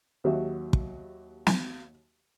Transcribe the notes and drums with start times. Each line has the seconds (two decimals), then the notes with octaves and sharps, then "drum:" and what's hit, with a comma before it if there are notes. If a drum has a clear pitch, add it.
0.24 D#2 F#3 G4 E5
0.73 drum: kick
1.47 drum: snare